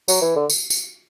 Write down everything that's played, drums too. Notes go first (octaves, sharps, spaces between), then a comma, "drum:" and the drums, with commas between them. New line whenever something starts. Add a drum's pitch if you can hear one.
F#3, drum: tambourine
E3
D3
drum: tambourine
drum: tambourine